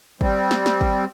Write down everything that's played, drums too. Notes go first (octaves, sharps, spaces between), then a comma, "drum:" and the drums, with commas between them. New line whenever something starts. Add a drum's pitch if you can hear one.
G3 C4, drum: kick
drum: snare
drum: snare
drum: kick